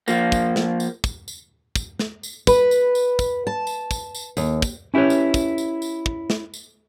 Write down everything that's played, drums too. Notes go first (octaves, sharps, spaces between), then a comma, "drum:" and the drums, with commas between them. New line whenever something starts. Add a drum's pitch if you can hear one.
F3 A#3, drum: tambourine
drum: kick, tambourine
drum: snare
drum: tambourine
drum: kick, tambourine
drum: tambourine
drum: kick, tambourine
drum: snare
drum: tambourine
B4, drum: kick, tambourine
drum: tambourine
drum: tambourine
drum: kick, tambourine
A5
drum: tambourine
drum: kick, tambourine
drum: tambourine
D#2, drum: tambourine
drum: kick, tambourine
C#4 E4 G4 B4 C#5
drum: tambourine
drum: kick, tambourine
drum: tambourine
drum: tambourine
drum: kick
drum: snare
drum: tambourine